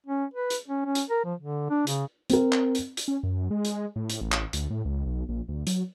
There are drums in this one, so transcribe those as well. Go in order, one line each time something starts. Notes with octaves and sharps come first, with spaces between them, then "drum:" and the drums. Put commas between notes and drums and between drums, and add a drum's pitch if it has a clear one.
C#4
B4
drum: hi-hat
C#4
C#4
drum: hi-hat
A#4
F3
D3
D4
C#3, drum: hi-hat
C4 A#4, drum: hi-hat
drum: clap
drum: hi-hat
drum: hi-hat
C#4
F#2
G#3
drum: hi-hat
A2
drum: hi-hat
A1
drum: clap
D2, drum: hi-hat
A2
C#2
B1
A#1
D2
F#3, drum: hi-hat